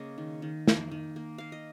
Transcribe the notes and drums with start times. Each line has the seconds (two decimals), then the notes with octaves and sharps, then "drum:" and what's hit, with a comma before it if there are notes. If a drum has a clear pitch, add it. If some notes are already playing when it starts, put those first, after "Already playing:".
Already playing: C#3 A#3 D#5
0.18 D#3
0.42 D#3
0.68 A#3, drum: snare
0.91 D#3
1.16 A#3
1.38 A#3 F5
1.52 D#5